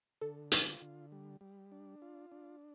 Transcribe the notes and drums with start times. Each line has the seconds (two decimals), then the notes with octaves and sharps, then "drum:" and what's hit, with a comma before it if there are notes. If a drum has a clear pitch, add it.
0.21 D3 A4
0.52 F4, drum: hi-hat
0.82 D3
1.12 G3
1.41 G3
1.72 D4
2.02 F4
2.32 D4